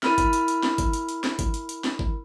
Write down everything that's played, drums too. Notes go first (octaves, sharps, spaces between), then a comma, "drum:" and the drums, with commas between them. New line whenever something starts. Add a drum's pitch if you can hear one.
E4 A#4 B5 F6, drum: snare
drum: kick G#1, hi-hat
drum: hi-hat
drum: hi-hat
drum: snare
drum: kick G#1, hi-hat
drum: hi-hat
drum: hi-hat
drum: snare
drum: kick G#1, hi-hat
drum: hi-hat
drum: hi-hat
drum: snare
drum: kick G#1